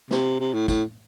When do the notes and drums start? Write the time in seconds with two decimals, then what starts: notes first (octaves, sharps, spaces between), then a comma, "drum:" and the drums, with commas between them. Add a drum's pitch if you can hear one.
0.11 C3, drum: snare
0.40 C3
0.54 A2
0.68 A2, drum: kick, tambourine